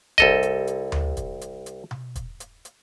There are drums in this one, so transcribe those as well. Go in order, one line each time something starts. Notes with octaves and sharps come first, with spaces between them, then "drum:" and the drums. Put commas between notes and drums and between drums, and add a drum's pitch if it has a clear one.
C2 A4 D#5, drum: kick, hi-hat
drum: hi-hat
drum: hi-hat
drum: tom D2
drum: kick, hi-hat
drum: hi-hat
drum: hi-hat
drum: tom B2
drum: kick, hi-hat
drum: hi-hat
drum: hi-hat